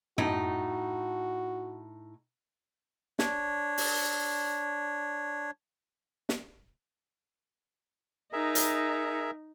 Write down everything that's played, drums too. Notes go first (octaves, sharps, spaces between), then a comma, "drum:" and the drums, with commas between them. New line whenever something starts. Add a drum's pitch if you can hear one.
A2 D#4 F#4, drum: tom F#2
D4 C#5, drum: snare
drum: open hi-hat
drum: snare
D#4 G#4 A#4 E5
drum: hi-hat